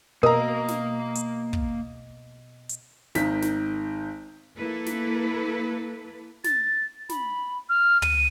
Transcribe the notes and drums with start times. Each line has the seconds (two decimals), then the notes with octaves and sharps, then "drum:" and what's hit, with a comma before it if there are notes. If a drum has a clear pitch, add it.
0.23 B2 A#3 A#4 D#5 F5 A#5 D#6
0.68 drum: snare
1.15 drum: hi-hat
1.53 drum: kick
2.69 drum: hi-hat
3.15 G#1 D#3 B6, drum: snare
3.42 drum: snare
4.58 A#3 E4 A4 B4
4.86 drum: snare
6.44 A6, drum: snare
7.09 B5, drum: snare
7.69 F6
8.02 D#7, drum: tom